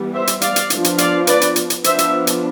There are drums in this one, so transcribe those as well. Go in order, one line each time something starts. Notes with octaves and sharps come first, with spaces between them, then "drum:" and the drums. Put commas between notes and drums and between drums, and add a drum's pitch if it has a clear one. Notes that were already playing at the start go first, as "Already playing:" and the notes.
Already playing: E3 G3 B3
C5 E5
drum: hi-hat
D5 F5, drum: hi-hat
drum: hi-hat
F3 B3 D4, drum: hi-hat
drum: hi-hat
D5 F5, drum: hi-hat
B4 D5, drum: hi-hat
drum: hi-hat
drum: hi-hat
drum: hi-hat
F3 B3 D4 C5 E5, drum: hi-hat
drum: hi-hat
drum: hi-hat